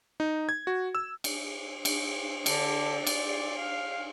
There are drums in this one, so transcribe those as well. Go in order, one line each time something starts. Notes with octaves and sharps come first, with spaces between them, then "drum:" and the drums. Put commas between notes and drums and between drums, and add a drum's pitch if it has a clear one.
D#4
G#6
F#4
E6
drum: cymbal
drum: cymbal
D3, drum: cymbal
D5, drum: cymbal
F5